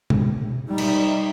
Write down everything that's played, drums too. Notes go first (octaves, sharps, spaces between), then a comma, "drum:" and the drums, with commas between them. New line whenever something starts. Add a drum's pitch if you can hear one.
drum: tom
G3 D#4
drum: cymbal